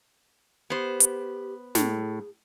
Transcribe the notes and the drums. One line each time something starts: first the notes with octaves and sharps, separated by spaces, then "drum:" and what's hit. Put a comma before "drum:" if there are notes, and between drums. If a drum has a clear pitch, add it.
B3 G4 C5
drum: hi-hat
A2 G#4, drum: snare